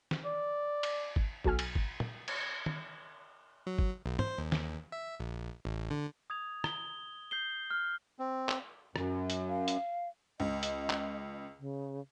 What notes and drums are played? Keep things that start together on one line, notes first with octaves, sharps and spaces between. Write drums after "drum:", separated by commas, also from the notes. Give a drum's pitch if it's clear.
drum: snare
D5
drum: cymbal
drum: kick G#1
B1 F#4 A4 G#5 F6, drum: kick G#1
drum: cymbal
drum: kick G#1
drum: tom
drum: cymbal
drum: tom
F#3
drum: kick G#1
B1
C5, drum: tom
D#2
drum: snare
E5
A#1
A1
D3
D#6 G#6 F7
G7, drum: rim click
G6 C7 G7
F6
C4
drum: clap
F#2, drum: rim click
drum: hi-hat
F5
drum: hi-hat
C#2 D#5
drum: hi-hat
drum: clap
C#3